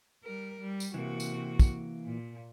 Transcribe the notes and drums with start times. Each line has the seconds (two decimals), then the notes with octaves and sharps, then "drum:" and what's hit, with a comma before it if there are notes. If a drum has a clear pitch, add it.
0.24 G3 A#4
0.60 G3
0.80 drum: tambourine
0.94 C3 E3 A#3 F#4
1.20 drum: tambourine
1.59 drum: kick, tambourine
2.06 A#2